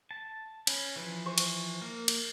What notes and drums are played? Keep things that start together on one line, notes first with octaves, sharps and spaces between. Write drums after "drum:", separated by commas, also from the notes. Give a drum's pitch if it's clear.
A5
C#4 B4, drum: cymbal
E3 F3 B4
C5 C#6
drum: cymbal
A#3 A#4
drum: cymbal